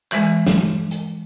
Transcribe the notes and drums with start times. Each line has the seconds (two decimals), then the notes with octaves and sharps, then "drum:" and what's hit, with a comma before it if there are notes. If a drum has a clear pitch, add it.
0.12 E3 G#3, drum: clap
0.47 drum: snare
0.91 drum: hi-hat